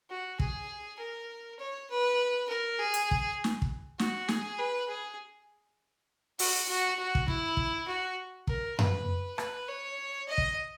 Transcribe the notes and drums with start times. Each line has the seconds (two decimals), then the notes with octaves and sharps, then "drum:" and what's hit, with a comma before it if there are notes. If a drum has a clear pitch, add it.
0.10 F#4
0.40 G#4, drum: kick
0.99 A#4
1.59 C#5
1.90 B4
2.49 A#4
2.79 G#4
2.94 drum: hi-hat
3.11 drum: kick
3.44 drum: snare
3.62 drum: kick
3.99 F#4, drum: snare
4.28 G#4, drum: snare
4.58 B4
4.88 G#4
6.39 F#4, drum: open hi-hat
6.68 F#4
6.99 F#4
7.15 drum: kick
7.28 E4, drum: kick
7.57 drum: kick
7.88 F#4
8.47 A#4, drum: kick
8.79 B4, drum: tom F#2
9.38 B4, drum: rim click
9.68 C#5
10.28 D#5
10.38 drum: kick